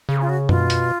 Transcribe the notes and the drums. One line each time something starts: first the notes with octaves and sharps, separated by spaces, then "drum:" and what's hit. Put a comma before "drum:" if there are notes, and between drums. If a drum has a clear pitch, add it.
C#3 G#4
F4
F#4
B2 F4, drum: tom F#2
drum: hi-hat